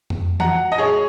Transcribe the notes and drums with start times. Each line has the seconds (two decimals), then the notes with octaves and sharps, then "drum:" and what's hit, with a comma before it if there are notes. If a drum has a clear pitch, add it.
0.10 drum: tom F2
0.40 F#5 A#5, drum: tom E3
0.72 D#5
0.78 G#4 C#5